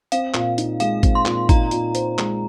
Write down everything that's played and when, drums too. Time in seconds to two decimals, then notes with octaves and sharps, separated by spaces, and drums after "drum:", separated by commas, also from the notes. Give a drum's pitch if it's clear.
0.12 C4 F5, drum: hi-hat
0.34 A#2, drum: clap
0.58 D#4, drum: hi-hat
0.80 G#3 F5, drum: hi-hat
1.03 C4, drum: kick G#1, hi-hat
1.15 C6
1.26 A#2, drum: clap
1.49 D#4 A#5, drum: kick G#1, hi-hat
1.71 A#2, drum: hi-hat
1.95 C5, drum: hi-hat
2.18 G#3, drum: clap